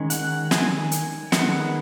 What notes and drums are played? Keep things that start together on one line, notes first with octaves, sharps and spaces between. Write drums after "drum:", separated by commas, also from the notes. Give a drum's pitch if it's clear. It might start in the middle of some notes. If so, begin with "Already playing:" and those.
Already playing: D#3 G#3 C#4
F#5, drum: hi-hat
G#5, drum: snare
drum: hi-hat
D#3 G#3 B3 F#5, drum: snare